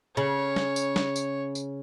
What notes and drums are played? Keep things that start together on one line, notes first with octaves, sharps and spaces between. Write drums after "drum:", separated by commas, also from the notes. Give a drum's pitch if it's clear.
C#3 C#5
drum: snare
drum: tambourine
drum: snare
drum: tambourine
drum: tambourine